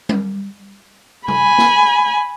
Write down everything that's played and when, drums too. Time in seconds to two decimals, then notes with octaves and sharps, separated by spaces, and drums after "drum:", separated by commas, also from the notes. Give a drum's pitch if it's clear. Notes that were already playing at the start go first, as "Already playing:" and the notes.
0.09 drum: tom G3
1.28 G#5 B5, drum: tom
1.58 drum: snare